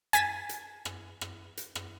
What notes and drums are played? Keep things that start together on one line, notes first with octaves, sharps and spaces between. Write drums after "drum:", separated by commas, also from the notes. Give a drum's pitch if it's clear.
G#5 A6 B6 E7, drum: rim click
drum: hi-hat
drum: rim click
drum: rim click
drum: hi-hat
drum: rim click